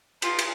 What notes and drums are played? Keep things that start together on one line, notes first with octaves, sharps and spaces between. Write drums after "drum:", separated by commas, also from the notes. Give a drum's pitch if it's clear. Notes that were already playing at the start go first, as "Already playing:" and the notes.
F4, drum: cymbal
drum: cymbal